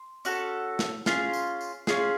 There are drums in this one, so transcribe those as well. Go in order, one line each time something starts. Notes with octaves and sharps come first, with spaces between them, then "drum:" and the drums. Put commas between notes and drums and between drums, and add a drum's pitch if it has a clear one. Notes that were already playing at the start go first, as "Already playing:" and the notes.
Already playing: C6
C#4 F#4 A4, drum: tambourine
drum: snare
C#4 F4 G#4, drum: snare
drum: tambourine
drum: tambourine
C#4 F4 G#4, drum: snare